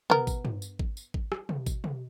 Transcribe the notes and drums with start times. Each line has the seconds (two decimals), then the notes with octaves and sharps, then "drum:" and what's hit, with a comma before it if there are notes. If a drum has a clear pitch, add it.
0.10 B3 A#4, drum: tom
0.27 drum: kick G#1, tambourine
0.45 drum: tom G2
0.62 drum: tambourine
0.79 drum: kick G#1
0.97 drum: tambourine
1.14 drum: kick G#1
1.32 drum: rim click
1.49 drum: tom
1.66 drum: kick G#1, tambourine
1.84 drum: tom